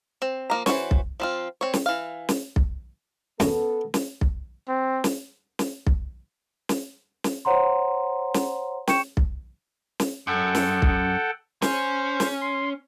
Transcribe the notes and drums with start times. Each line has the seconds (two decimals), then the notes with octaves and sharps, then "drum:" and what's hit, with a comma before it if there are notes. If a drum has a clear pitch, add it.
0.22 C4
0.50 F3 A#3 A#5
0.66 E3 F#4 C5 C#5, drum: snare
0.91 drum: kick B1
1.20 F3 C4 F4
1.61 C4 C#5
1.74 drum: snare
1.86 E3 F5
2.29 drum: snare
2.56 drum: kick B1
3.40 F#2 B3 A4, drum: snare
3.94 drum: snare
4.21 drum: kick B1
4.69 C4
5.04 drum: snare
5.59 drum: snare
5.87 drum: kick B1
6.69 drum: snare
7.24 drum: snare
7.45 C5 C#5 F#5 A#5 C6
8.34 drum: snare
8.87 G5 C#6 G6 C#7 E7, drum: snare
9.17 drum: kick B1
10.00 drum: snare
10.27 F#2 A4 F#5 G5
10.55 drum: snare
10.82 drum: kick B1
11.62 C#4 C5, drum: snare
12.20 drum: snare
12.41 C6